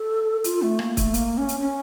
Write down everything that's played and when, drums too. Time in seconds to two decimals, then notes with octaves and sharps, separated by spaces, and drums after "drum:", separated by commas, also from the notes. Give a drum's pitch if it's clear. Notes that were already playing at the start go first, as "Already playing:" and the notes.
Already playing: A4
0.44 F4, drum: hi-hat
0.62 A3
0.79 A#3, drum: rim click
0.97 A3, drum: kick, hi-hat
1.14 A#3, drum: hi-hat
1.37 C#4
1.49 drum: hi-hat
1.60 C#4